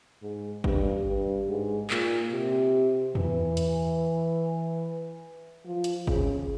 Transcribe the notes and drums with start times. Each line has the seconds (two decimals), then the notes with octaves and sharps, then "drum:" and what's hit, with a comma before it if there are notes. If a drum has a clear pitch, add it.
0.22 G#2
0.64 G2, drum: kick G#1
1.07 G2
1.49 G#2
1.90 A#2, drum: clap
2.31 C3
3.15 E3, drum: tom E2
3.57 drum: hi-hat
5.66 F3
5.84 drum: hi-hat
6.07 C#3, drum: kick G#1